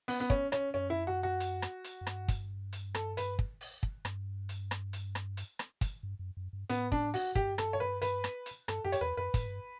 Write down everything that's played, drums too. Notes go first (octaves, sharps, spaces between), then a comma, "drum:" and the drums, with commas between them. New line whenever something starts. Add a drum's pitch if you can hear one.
B3, drum: open hi-hat
B3
C#4, drum: kick
C#4, drum: rim click
F#2 C#4
E4
F#4
F#4
drum: hi-hat
drum: rim click
drum: hi-hat
F#2
G2, drum: rim click
drum: kick, hi-hat
drum: hi-hat
A4, drum: rim click
B4, drum: hi-hat
drum: kick
drum: open hi-hat
drum: kick
G2, drum: rim click
drum: hi-hat
drum: rim click
drum: hi-hat
drum: rim click
drum: hi-hat
drum: rim click
drum: kick, hi-hat
G2
F#2
F#2
G2
A2 B3, drum: hi-hat
D4, drum: kick
F#4, drum: open hi-hat
G2 G4, drum: kick
A4, drum: rim click
C#5
B4
B4, drum: hi-hat
drum: rim click
drum: hi-hat
G2 A4, drum: rim click
F#2 G4
C#5, drum: hi-hat
E2 B4
F#2 B4
A2, drum: kick, hi-hat
G2